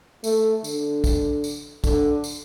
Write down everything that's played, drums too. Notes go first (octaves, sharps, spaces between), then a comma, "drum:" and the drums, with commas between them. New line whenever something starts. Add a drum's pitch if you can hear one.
A3, drum: tambourine
D3, drum: tambourine
drum: kick, tambourine
drum: tambourine
D3, drum: kick, tambourine
drum: tambourine